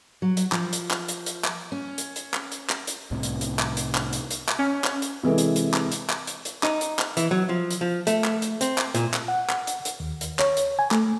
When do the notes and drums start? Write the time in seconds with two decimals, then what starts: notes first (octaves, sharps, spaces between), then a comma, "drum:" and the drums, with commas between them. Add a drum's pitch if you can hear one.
0.22 F#3
0.37 drum: hi-hat
0.52 F3, drum: clap
0.73 drum: hi-hat
0.91 drum: clap
1.08 drum: hi-hat
1.26 drum: hi-hat
1.44 drum: clap
1.72 C#4
1.98 drum: hi-hat
2.16 drum: hi-hat
2.34 drum: clap
2.52 drum: hi-hat
2.70 drum: clap
2.87 drum: hi-hat
3.11 C2 A2 C3
3.23 drum: hi-hat
3.41 drum: hi-hat
3.59 drum: clap
3.77 drum: hi-hat
3.95 drum: clap
4.13 drum: hi-hat
4.31 drum: hi-hat
4.48 drum: clap
4.59 C#4
4.84 drum: clap
5.02 drum: hi-hat
5.23 C3 E3 G#3 A4
5.38 drum: hi-hat
5.56 drum: hi-hat
5.74 drum: clap
5.92 drum: hi-hat
6.09 drum: clap
6.27 drum: hi-hat
6.45 drum: hi-hat
6.63 D#4, drum: clap
6.81 drum: hi-hat
6.99 drum: clap
7.17 E3, drum: hi-hat
7.31 F#3
7.49 F3
7.71 drum: hi-hat
7.81 F3
8.07 A3, drum: hi-hat
8.24 drum: clap
8.42 drum: hi-hat
8.61 C4, drum: hi-hat
8.78 drum: clap
8.95 A#2, drum: hi-hat
9.14 drum: clap
9.28 F#5
9.49 drum: clap
9.67 drum: hi-hat
9.85 drum: hi-hat
10.00 D#2
10.21 drum: hi-hat
10.39 C#5, drum: clap
10.57 drum: hi-hat
10.79 G#5
10.91 A3, drum: clap